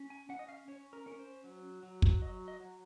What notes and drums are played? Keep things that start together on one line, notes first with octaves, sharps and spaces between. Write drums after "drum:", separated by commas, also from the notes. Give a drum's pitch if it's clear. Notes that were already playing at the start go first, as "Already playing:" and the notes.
Already playing: C#4
G#5
C#4 F#5
D#5
F5
C#4 C#5
A#4
C#4 A#4
C5
F#3
F#3
drum: kick
F#3 D#5
D#5
F#3